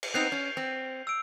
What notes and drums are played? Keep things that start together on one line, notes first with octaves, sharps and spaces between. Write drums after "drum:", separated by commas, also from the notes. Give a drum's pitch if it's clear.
drum: cymbal
B3 C4 D#4 G6 C7 F7
C#4
C4
E6 D7